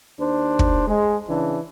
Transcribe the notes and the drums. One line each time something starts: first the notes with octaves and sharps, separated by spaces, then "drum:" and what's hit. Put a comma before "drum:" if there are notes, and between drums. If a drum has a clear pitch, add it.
D#2 D4 C5
drum: kick
G#3
C#3 E3 D4